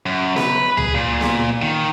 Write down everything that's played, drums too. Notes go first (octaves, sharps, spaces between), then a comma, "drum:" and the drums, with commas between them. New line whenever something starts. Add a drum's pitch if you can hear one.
F#2
B4, drum: snare B3
G#4, drum: tom C#2
A#2
drum: snare B3
D#3